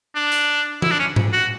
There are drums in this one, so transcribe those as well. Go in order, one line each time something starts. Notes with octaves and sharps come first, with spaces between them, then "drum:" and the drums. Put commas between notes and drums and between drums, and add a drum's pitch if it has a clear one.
D4
drum: hi-hat
E4, drum: tom E3
D4
C#4
drum: tom G#2
F#4